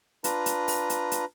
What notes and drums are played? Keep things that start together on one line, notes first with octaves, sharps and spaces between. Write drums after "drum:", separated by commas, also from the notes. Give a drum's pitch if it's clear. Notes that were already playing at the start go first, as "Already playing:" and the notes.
D4 F4 B4 A#5, drum: hi-hat
drum: hi-hat
drum: open hi-hat
drum: hi-hat
drum: hi-hat